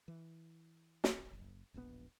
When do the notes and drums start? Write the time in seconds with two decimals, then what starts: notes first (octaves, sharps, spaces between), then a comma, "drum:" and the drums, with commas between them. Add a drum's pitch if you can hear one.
0.08 E3
1.04 drum: snare
1.33 F#1
1.74 E1 A#1 G#2 B3